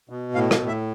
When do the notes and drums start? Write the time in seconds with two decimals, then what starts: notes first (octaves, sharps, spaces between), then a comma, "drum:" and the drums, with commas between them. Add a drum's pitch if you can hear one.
0.10 B2
0.34 A2 F5
0.51 F5, drum: rim click
0.60 A2
0.68 E5